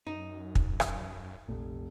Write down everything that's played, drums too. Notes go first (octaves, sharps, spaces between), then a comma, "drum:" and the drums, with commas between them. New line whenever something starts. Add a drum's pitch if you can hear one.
F#2 D#4
drum: kick
drum: rim click
F1 A#1